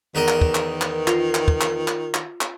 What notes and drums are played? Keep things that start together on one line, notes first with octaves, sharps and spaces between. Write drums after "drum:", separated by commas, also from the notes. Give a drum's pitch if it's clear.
E2 D#3 A#4 D#5
drum: clap
drum: kick
drum: clap
drum: clap
F4, drum: clap
drum: clap
drum: kick
drum: clap
drum: clap
drum: clap
drum: clap